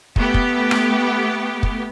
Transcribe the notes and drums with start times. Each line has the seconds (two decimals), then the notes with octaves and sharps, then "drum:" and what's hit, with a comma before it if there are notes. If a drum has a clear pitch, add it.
0.16 A3 B3 G4, drum: kick
0.34 drum: kick
0.71 drum: rim click
1.63 drum: kick